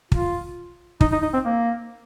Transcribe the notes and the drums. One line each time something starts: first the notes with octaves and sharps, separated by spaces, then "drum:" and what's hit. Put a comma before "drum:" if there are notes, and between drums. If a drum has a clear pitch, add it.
F4, drum: kick
D#4, drum: kick
D#4
D#4
C4
A#3